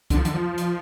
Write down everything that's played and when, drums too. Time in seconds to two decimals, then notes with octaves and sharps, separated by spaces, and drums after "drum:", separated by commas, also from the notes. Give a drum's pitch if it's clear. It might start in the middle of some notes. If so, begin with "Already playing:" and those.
0.10 D3, drum: kick, hi-hat
0.17 F3
0.25 D3, drum: hi-hat
0.34 F3
0.58 drum: hi-hat